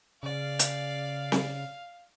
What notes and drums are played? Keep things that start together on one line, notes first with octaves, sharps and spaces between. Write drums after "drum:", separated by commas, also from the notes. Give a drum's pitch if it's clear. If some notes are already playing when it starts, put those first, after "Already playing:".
C#3 D5 F5
drum: hi-hat
drum: snare C4